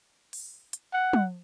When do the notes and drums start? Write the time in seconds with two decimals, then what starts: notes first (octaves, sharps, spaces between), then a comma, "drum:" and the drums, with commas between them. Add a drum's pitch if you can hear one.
0.33 drum: open hi-hat
0.73 drum: hi-hat
0.93 F#5
1.13 drum: tom